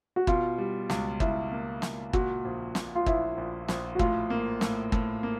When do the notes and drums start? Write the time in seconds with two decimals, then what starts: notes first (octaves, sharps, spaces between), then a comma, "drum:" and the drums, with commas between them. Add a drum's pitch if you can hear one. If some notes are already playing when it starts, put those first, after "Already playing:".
0.16 F#4
0.27 B2 F4, drum: kick
0.58 G3
0.90 C#2, drum: snare
1.20 C#2 E4, drum: kick
1.52 A#3
1.82 C#2, drum: snare
2.13 A#2 F#4, drum: kick
2.45 A#1
2.75 A#2, drum: snare
2.95 F4
3.06 A#1 E4, drum: kick
3.37 A#1
3.68 A#1, drum: snare
3.95 F#4
3.99 A2 F4, drum: kick
4.30 A#3
4.61 A2, drum: snare
4.92 A2, drum: kick
5.23 A#3